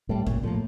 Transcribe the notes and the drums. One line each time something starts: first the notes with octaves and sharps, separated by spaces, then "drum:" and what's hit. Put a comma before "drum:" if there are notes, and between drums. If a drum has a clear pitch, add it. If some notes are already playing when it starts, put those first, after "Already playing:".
A2 G3 A#3
A#2 C#3, drum: kick F#2
A2 F3 A#3